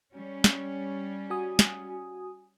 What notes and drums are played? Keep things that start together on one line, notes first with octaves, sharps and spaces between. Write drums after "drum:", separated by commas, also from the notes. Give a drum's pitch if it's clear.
G3 C#4
drum: snare
F#4 G#5 D#6
drum: snare